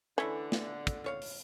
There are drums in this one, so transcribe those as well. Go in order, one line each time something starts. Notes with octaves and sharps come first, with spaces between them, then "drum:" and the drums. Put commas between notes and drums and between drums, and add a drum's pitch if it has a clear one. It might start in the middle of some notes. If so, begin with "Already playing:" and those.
D3 E3 A3 C#4 E4
drum: snare
drum: kick, hi-hat
F4 C#5 F5
drum: open hi-hat